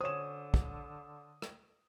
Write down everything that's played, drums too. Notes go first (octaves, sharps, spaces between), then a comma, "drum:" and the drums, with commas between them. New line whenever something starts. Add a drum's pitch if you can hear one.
D3 C5 C#5 D#6 E7
drum: kick
drum: rim click